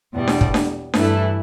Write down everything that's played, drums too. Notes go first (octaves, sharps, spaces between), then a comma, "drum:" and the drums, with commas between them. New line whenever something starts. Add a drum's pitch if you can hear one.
E2 B2 G3
drum: snare D4
drum: kick
drum: snare D4
G2 E3 A3 E4, drum: snare D4